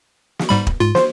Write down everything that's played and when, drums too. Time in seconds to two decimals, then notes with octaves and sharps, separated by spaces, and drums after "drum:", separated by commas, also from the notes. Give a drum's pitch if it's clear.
0.39 drum: snare
0.49 G#2 G3 B5
0.67 drum: kick
0.80 G#2 F4
0.95 C5, drum: snare